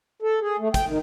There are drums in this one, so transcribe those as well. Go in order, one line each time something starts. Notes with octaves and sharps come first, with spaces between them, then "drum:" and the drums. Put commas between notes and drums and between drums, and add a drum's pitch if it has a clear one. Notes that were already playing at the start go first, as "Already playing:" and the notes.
A4
G#4
A3
G5, drum: kick, hi-hat
D#3